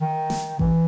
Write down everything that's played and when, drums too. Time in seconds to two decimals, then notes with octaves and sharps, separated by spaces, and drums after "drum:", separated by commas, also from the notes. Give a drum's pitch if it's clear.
0.01 D#3
0.30 drum: snare
0.59 E3, drum: kick A1